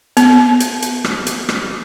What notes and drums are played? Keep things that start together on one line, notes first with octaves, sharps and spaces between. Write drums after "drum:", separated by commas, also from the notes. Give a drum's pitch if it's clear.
B3, drum: hi-hat
drum: hi-hat
drum: hi-hat
drum: rim click
drum: hi-hat
drum: rim click